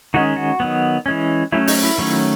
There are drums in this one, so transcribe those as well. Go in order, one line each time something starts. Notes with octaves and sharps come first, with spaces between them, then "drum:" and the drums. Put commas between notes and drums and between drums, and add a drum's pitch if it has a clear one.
D#3 G#3 C#4 F#4
F#4
D#3 F#3 B3
E3 G#3 C#4
F#3 A3 C#4 E4
D#4, drum: open hi-hat
E4
D#3 F#3 A3 C#4